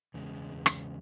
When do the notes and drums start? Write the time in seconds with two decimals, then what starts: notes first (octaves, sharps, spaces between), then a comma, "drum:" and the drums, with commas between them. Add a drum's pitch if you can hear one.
0.14 E2 C#3 G#3
0.66 drum: rim click